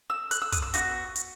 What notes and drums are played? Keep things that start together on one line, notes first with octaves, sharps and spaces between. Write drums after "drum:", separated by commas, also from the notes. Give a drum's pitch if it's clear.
E6
F#6, drum: hi-hat
E6
D#6, drum: kick, hi-hat
E6
B3 D#4 F#4, drum: hi-hat
drum: hi-hat